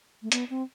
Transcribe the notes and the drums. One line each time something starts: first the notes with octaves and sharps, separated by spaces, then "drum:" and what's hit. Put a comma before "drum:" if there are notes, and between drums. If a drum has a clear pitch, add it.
A3
B3, drum: hi-hat
C4